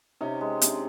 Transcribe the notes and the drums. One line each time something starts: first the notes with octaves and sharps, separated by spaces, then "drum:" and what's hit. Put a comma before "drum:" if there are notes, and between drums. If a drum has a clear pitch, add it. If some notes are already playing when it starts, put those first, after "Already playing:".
C3 C#4 D#4
G#3
C3 C4 D4, drum: hi-hat